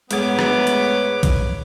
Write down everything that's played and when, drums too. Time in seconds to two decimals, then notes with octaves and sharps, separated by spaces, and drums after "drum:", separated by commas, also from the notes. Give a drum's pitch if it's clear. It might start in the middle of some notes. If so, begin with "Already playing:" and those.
0.11 G#2 A3 B3 B4 C#5 D6 G#6, drum: hi-hat
0.39 drum: rim click
0.67 drum: hi-hat
1.23 drum: kick A#1, hi-hat